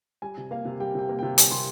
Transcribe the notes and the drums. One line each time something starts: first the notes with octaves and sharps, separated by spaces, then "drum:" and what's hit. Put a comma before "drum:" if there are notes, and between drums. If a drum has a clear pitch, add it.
G3 G#5
C3
A#3 F5
C3
G3 G5
C3 G5
A#3
C3 G5
G3 G#5, drum: hi-hat
C3 C6